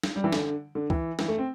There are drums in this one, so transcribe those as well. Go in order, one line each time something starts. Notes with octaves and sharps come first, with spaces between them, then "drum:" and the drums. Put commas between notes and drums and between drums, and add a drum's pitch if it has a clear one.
drum: snare D4
G3
E3
D3, drum: snare D4
D3
E3, drum: kick C#2
E3, drum: snare D4
A3
C4